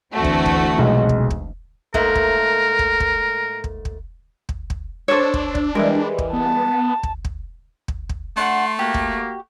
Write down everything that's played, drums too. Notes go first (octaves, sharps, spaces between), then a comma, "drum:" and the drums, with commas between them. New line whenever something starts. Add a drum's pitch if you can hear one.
D2 E3 A3 C4 F#4
drum: kick
drum: kick
F1 B1 G#3
drum: kick
drum: kick
G#2 A3 A#3 A#4, drum: kick
drum: kick
drum: kick
drum: kick
drum: kick
drum: kick
drum: kick
drum: kick
D4 A4 C5 C#5 D6 E6
drum: kick
drum: kick
E3 G3 G#3 A#4
drum: kick
B3 A5
drum: kick
drum: kick
drum: kick
drum: kick
A3 D4 F#5 C6
A#3 F#4 G4
drum: kick